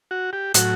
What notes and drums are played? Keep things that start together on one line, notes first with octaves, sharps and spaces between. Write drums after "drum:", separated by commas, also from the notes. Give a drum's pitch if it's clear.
F#4
G4
A2 F#3 F#4, drum: hi-hat